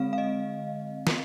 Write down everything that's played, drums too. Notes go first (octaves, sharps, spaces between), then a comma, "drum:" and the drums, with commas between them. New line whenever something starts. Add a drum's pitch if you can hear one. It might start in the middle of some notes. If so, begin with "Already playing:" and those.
Already playing: D3 G#3 C4 F5
F5
D#5
drum: snare